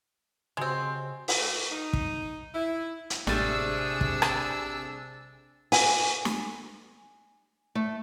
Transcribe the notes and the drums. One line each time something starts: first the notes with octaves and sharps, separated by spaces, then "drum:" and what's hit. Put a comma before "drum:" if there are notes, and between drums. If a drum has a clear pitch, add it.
C#3 G#3 C4 F#4 G4
drum: open hi-hat
A3
D#4
drum: kick
E4
drum: hi-hat
A1 C3 G3 A3 D4 G#4 E6, drum: snare
drum: kick
drum: rim click
G#5, drum: open hi-hat
drum: snare
A3